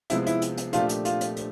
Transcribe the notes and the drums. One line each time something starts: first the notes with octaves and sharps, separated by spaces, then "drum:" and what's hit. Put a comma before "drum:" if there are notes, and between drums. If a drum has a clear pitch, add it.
C3 F3 G#3 B3 E4, drum: hi-hat
E4, drum: hi-hat
drum: hi-hat
drum: hi-hat
A#2 F3 A3 D4 F4 G4, drum: hi-hat
drum: hi-hat
F4, drum: hi-hat
drum: hi-hat
drum: hi-hat